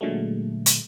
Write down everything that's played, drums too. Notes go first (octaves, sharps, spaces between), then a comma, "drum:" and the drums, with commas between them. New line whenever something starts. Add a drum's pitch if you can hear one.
A#2 D3 F#3 G#3 A3
drum: hi-hat